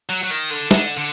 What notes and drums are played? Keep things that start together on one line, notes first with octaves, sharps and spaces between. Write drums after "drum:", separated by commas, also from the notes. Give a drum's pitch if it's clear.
F#3
F#3
D#3
D3
D3, drum: snare
D3